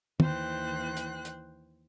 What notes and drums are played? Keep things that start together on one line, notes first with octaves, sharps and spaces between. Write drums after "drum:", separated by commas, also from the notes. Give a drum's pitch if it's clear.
D#2 E3 C5 G5 F#6, drum: tom
drum: hi-hat
drum: hi-hat